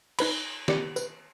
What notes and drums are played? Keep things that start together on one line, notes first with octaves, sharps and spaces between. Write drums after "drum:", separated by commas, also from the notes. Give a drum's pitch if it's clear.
D#4 B4 B5, drum: cymbal
G4 D5 C#7, drum: snare
B4, drum: tambourine